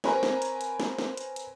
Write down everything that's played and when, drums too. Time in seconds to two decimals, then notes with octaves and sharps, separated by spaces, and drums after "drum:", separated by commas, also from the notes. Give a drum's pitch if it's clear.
0.04 C4 A#4 B4 C#5 G#5 A#5, drum: snare
0.23 drum: snare
0.42 drum: hi-hat
0.61 drum: hi-hat
0.80 drum: snare
0.99 drum: snare
1.17 drum: hi-hat
1.36 drum: hi-hat